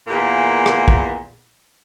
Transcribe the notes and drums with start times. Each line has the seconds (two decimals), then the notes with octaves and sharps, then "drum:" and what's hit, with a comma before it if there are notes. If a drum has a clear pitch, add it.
0.07 E2 A#2 A#3
0.66 drum: rim click
0.88 drum: kick